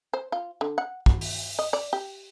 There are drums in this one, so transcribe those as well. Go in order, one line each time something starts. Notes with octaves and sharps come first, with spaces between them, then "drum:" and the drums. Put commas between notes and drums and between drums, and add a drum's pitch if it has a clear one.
C5
F4
D3
F#5
F#4, drum: kick A#1
drum: open hi-hat
D#5
D5
G4